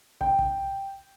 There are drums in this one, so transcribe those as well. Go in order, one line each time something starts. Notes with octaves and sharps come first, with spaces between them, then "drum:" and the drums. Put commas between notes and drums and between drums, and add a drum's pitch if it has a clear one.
G5, drum: kick
drum: kick